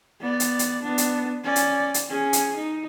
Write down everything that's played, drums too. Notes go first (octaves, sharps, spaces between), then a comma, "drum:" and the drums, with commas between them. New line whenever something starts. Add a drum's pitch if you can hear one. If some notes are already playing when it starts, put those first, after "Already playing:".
B3 D5
drum: hi-hat
drum: hi-hat
B3 D4
drum: hi-hat
C#4 D5
drum: hi-hat
drum: hi-hat
C#4 G#4
drum: hi-hat
D#4